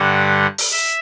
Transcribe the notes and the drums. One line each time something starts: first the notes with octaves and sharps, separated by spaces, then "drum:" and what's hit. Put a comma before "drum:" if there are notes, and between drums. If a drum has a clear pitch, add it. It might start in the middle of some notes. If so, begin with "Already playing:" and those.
Already playing: G2 D3 G3 F#5
drum: open hi-hat
E5